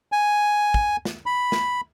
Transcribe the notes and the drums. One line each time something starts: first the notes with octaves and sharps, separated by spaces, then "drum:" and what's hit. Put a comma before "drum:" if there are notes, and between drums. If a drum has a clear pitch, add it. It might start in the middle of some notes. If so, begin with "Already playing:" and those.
G#5
drum: kick
drum: snare
B5
drum: snare